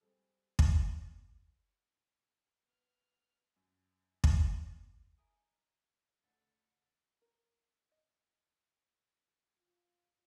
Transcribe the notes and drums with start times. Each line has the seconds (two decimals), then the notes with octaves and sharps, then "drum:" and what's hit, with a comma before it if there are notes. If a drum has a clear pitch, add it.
0.01 G3 G#3 C4 A4
0.59 drum: kick
2.65 B3 F6
3.56 F#2
4.24 drum: kick
5.18 E4 A#4 G#5 D#6
5.38 D#4
6.23 D2 C#3 A3 A4 B4
7.22 A#4
7.91 D#5
9.58 F4